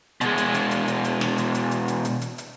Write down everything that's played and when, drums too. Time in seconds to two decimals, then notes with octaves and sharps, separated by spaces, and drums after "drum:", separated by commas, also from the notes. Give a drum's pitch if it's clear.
0.21 B2 G#3, drum: hi-hat
0.38 drum: hi-hat
0.54 drum: hi-hat
0.71 drum: hi-hat
0.88 drum: hi-hat
1.04 drum: hi-hat
1.21 drum: snare
1.38 drum: hi-hat
1.55 drum: hi-hat
1.71 drum: hi-hat
1.88 drum: hi-hat
2.05 drum: hi-hat
2.21 drum: hi-hat
2.38 drum: hi-hat